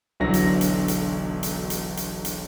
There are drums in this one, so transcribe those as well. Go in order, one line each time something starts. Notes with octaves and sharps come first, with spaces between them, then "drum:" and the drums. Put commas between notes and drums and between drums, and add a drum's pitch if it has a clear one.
E1 B1 D3 E3 F#3 A#6
drum: hi-hat
drum: hi-hat
drum: hi-hat
drum: hi-hat
drum: hi-hat
drum: hi-hat
drum: hi-hat